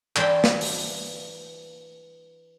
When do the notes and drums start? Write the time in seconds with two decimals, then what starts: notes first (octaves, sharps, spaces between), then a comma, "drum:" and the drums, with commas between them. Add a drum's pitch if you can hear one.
0.16 E3 D4 C5 G5 B5, drum: clap
0.44 drum: snare
0.61 drum: open hi-hat